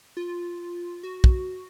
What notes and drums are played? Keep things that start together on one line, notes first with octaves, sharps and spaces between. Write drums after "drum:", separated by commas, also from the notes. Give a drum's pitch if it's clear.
F4
F#4
drum: kick